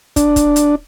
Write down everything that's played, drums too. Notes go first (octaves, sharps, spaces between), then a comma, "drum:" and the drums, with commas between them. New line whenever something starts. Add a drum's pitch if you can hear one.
D4, drum: kick, hi-hat
drum: kick, hi-hat
drum: hi-hat